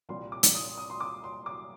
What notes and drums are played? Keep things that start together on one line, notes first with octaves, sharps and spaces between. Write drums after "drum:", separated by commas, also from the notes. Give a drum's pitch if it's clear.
C2 A#2 G3 C6
D6
drum: hi-hat
D#6
D#6
C6
D6
C6
D6